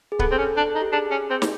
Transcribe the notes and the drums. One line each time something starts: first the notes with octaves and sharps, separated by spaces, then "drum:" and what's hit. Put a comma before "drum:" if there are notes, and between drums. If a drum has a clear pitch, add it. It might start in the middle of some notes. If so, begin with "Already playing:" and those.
G#4
B3 A4, drum: kick C#1
C4
C#4
D4
D#4
G4
D4 G#4
C#4
C4
drum: snare